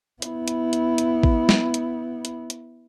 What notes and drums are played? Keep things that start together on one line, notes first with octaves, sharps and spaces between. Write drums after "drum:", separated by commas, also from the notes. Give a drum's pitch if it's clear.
B3 E4, drum: hi-hat
drum: hi-hat
drum: hi-hat
drum: hi-hat
drum: kick A1
drum: snare
drum: hi-hat
drum: hi-hat
drum: hi-hat